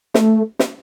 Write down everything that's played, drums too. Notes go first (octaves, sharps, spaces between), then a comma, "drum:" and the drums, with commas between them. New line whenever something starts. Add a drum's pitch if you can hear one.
A3, drum: snare
drum: snare